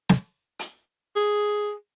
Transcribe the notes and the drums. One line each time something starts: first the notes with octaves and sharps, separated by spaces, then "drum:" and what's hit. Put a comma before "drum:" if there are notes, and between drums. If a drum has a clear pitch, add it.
drum: snare
drum: hi-hat
G#4